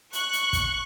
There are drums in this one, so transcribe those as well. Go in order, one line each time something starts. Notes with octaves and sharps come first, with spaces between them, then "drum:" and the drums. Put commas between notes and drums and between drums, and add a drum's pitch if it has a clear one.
C#6 F#6, drum: hi-hat
drum: hi-hat
drum: kick, hi-hat